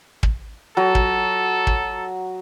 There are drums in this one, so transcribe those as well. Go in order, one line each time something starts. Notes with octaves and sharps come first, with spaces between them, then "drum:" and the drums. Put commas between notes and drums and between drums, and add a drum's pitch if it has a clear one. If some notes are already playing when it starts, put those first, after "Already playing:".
drum: kick
F#3 A4
drum: kick
drum: kick